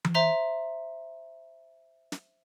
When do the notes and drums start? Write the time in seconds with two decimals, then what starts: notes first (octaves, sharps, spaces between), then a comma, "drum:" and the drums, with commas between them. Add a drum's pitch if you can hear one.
0.05 drum: tom E3
0.14 C5 E5 A#5 C6
2.12 drum: snare